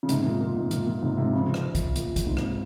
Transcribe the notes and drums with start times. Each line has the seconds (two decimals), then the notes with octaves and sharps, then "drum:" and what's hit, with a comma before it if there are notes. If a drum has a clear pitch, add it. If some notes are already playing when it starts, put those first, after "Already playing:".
0.03 C#3
0.09 G#2 C3, drum: hi-hat
0.25 A#2
0.40 A#2
0.56 G#2
0.71 A#2, drum: hi-hat
0.87 A#2
1.02 G#2 C3
1.18 G#2 C3
1.33 C#3 F3
1.54 drum: rim click
1.75 drum: kick, hi-hat
1.96 A#2, drum: hi-hat
2.16 drum: kick, hi-hat
2.27 G#2 C3
2.37 drum: rim click